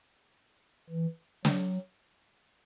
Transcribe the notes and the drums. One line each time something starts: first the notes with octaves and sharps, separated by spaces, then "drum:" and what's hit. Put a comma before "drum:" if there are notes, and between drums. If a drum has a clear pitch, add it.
E3
F#3, drum: snare